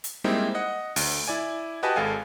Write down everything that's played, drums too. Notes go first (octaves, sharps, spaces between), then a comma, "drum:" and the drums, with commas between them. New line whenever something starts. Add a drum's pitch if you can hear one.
drum: hi-hat
G3 G#3 A#3 C4 D#4 E4
D#5 F#5
D2, drum: open hi-hat
E4 D5 G#5
F#4 G4 B4 D#5 G#5 A5
G#1 G#3 A4 F5 G#5